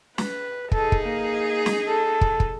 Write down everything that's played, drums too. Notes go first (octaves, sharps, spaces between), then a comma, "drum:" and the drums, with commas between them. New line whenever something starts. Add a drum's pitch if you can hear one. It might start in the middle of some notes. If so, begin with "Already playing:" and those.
B4, drum: snare
D#4 G#4 A4, drum: kick
drum: kick
A#3
drum: snare
A4
drum: kick
drum: kick